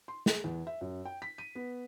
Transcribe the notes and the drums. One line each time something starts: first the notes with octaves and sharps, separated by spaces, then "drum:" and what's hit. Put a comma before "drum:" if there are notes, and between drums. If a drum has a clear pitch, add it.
C6
G#4, drum: snare
E2
E5
F#2
G5
B6
D#7
B3